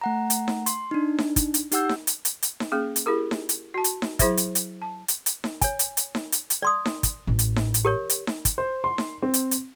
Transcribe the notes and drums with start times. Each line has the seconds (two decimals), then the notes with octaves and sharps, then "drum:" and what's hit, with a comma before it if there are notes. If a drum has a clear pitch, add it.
0.01 A3 F#5 A#5
0.30 drum: hi-hat
0.48 drum: snare D#4
0.66 C6, drum: hi-hat
0.91 D4 D#4
1.18 drum: snare D#4
1.36 drum: kick, hi-hat
1.54 drum: hi-hat
1.72 D#4 G4 F#5 E6 G6, drum: hi-hat
1.89 drum: snare D#4
2.07 drum: hi-hat
2.25 drum: hi-hat
2.43 drum: hi-hat
2.60 drum: snare D#4
2.72 A#3 C#4 G#4
2.96 drum: hi-hat
3.06 E4 G4 G#4 A#4
3.31 drum: snare D#4
3.49 drum: hi-hat
3.74 F#4 A5
3.84 drum: hi-hat
4.02 drum: snare D#4
4.19 F#3 E4 G#4 C5 E5, drum: kick, hi-hat
4.37 drum: hi-hat
4.55 drum: hi-hat
4.82 A5
5.08 drum: hi-hat
5.26 drum: hi-hat
5.44 drum: snare D#4
5.61 C#5 G#5, drum: kick, hi-hat
5.79 drum: hi-hat
5.97 drum: hi-hat
6.15 drum: snare D#4
6.32 drum: hi-hat
6.50 drum: hi-hat
6.62 D5 C6 D#6
6.86 drum: snare D#4
7.03 drum: kick, hi-hat
7.27 A1
7.39 drum: hi-hat
7.56 drum: snare D#4
7.74 drum: hi-hat
7.85 G4 A#4 C#5
8.10 drum: hi-hat
8.27 drum: snare D#4
8.45 drum: kick, hi-hat
8.58 C5
8.84 C6
8.98 drum: snare D#4
9.22 C4
9.34 drum: hi-hat
9.51 drum: hi-hat